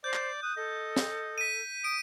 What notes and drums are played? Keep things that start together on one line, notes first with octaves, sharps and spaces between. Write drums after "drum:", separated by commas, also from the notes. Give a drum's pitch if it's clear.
C5 D5 G6
drum: clap
D#6 F#6
A4 D#5
drum: snare
B6 D#7
D#6 D7